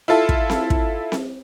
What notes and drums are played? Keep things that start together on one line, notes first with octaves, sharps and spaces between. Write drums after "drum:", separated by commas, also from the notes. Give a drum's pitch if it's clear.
E4 F4 A4 E5
drum: kick
drum: snare C4
drum: kick
drum: snare C4